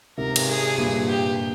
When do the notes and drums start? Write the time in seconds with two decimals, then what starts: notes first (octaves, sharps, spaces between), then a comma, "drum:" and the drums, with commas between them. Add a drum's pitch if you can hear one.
0.18 G#2 C3 A#4
0.36 drum: cymbal
0.48 G#4
0.78 G2 A#2
1.09 G4